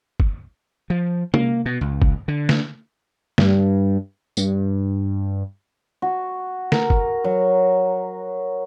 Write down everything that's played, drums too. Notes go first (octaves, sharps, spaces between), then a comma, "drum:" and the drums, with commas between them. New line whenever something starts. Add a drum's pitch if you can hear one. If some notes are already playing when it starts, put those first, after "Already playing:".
drum: kick
F3
A#3, drum: tom C3
B2
C#2
drum: kick
D3
drum: snare
G2, drum: snare
G2, drum: tambourine
F#4
A#4, drum: snare
drum: kick
F#3